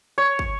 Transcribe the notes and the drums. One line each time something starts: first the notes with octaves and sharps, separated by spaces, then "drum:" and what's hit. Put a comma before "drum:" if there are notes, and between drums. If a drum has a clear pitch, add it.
C#5
drum: kick